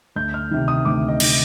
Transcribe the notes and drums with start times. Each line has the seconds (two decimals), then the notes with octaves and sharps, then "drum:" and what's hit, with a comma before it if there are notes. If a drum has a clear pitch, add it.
0.16 D2 G6
0.34 F6
0.51 C3 D#3
0.68 D#6
0.85 D2 D6
1.08 D#5
1.20 C3 D#3, drum: cymbal